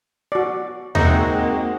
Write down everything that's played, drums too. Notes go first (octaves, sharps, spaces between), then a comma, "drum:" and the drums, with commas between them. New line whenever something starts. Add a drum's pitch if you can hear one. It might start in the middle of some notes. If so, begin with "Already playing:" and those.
F#4 D5
G#3 A#3 C4 D#4 F#4 E5, drum: tom D#2